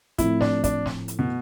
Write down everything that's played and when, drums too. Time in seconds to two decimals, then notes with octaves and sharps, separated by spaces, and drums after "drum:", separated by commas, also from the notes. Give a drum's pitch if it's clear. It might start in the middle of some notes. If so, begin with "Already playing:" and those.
0.18 A2 F3 A3 C4 E4, drum: kick, hi-hat
0.41 D4, drum: snare
0.64 D4, drum: kick, hi-hat
0.86 drum: snare
1.08 drum: hi-hat
1.19 B2